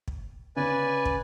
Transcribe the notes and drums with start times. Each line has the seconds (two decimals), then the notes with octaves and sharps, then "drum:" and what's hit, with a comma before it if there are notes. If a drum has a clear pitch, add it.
0.08 drum: kick
0.57 C#3 C#4 B4 D5 G#5
1.05 drum: kick